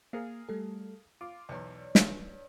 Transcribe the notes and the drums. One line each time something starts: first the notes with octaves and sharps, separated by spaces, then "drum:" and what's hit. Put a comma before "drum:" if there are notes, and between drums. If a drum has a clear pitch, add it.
A#3 G#4 A#4 F5
G3 A3 A4
F4 D6
B1 E2 C#5 D5
G2, drum: snare